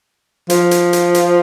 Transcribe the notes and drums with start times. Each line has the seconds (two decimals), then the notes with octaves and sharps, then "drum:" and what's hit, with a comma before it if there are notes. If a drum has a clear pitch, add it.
0.50 F3, drum: hi-hat
0.71 drum: hi-hat
0.93 drum: hi-hat
1.15 drum: hi-hat